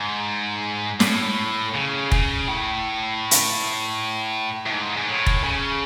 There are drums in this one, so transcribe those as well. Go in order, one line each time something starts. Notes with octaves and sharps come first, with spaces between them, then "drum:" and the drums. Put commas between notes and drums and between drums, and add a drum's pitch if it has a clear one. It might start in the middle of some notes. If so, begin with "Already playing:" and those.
Already playing: G#2
A2, drum: snare
C#3
C#3, drum: kick
A2
drum: hi-hat
A2
G#2
G#2
A2
drum: kick
C#3